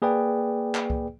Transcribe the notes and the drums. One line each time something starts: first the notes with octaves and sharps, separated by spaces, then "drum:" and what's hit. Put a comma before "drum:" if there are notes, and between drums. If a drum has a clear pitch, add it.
A#3 G#4 B4 D5 G5
drum: clap
drum: kick C2